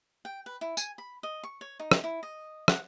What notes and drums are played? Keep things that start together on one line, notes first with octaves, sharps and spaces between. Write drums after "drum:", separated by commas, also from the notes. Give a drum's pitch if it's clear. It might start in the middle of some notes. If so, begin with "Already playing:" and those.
G5
B4
E4
G#5, drum: tambourine
B5
D#5
C#6
C#5
D#4
drum: rim click
E4
D#5
F#5, drum: rim click